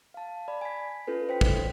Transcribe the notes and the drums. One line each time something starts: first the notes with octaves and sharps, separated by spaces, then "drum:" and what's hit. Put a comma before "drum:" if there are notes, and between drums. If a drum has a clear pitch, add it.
F5 A5
D5 B5
G#5 B6
C#4 F4 A4 B4
C5 G5 B6
drum: kick